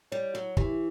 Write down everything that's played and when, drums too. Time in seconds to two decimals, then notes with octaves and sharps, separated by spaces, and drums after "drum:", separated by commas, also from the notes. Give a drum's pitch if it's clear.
0.12 G3 C#5
0.34 F#3 F#4
0.57 E3 G4, drum: kick